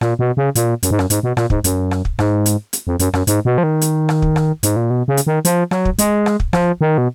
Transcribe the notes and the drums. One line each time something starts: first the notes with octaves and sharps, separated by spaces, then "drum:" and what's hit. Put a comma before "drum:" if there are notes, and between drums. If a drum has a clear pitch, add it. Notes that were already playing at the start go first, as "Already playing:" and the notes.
A#2, drum: rim click
B2
C#3
A#2, drum: hi-hat
F#2, drum: hi-hat
G#2
F#2, drum: rim click
G#2, drum: hi-hat
B2
A#2, drum: rim click
G#2, drum: kick
F#2, drum: hi-hat
drum: rim click
drum: kick
G#2, drum: rim click
drum: hi-hat
drum: hi-hat
F2
F#2, drum: hi-hat
F#2, drum: rim click
G#2, drum: hi-hat
B2
F3
D#3
drum: hi-hat
drum: rim click
drum: kick
drum: rim click
G#2, drum: hi-hat
A#2
B2
C#3
drum: hi-hat
D#3
F3, drum: hi-hat
F#3, drum: rim click
drum: kick
G#3, drum: hi-hat
drum: rim click
drum: kick
F3, drum: rim click
D#3
B2